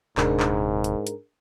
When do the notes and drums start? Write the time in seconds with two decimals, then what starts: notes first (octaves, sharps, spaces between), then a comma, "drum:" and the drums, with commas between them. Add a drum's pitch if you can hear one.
0.17 D#1 G#2 C3 D4 G#4 A#4, drum: clap
0.40 drum: clap
0.84 drum: hi-hat
1.07 drum: hi-hat